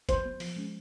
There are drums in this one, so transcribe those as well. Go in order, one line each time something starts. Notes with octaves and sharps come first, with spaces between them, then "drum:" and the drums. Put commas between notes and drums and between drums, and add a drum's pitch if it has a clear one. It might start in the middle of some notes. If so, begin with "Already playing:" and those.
F#3 C5, drum: kick G1, hi-hat
B3
F3, drum: open hi-hat
G#3 C#4